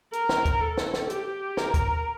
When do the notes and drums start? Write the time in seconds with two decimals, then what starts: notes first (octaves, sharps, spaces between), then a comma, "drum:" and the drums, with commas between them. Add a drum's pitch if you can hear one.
0.13 A#4, drum: hi-hat
0.29 drum: snare
0.45 drum: kick, hi-hat
0.62 A4
0.78 drum: snare
0.94 drum: snare
1.10 G4, drum: hi-hat
1.57 A#4, drum: snare
1.74 drum: kick, hi-hat